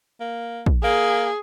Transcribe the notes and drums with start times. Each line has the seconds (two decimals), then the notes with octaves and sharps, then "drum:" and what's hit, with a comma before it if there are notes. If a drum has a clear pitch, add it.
0.20 A#3
0.66 drum: kick
0.84 A#3 G#4